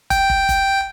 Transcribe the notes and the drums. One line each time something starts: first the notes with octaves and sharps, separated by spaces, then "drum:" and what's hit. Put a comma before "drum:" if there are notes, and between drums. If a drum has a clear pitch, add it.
G5, drum: kick, hi-hat
drum: kick
drum: kick, hi-hat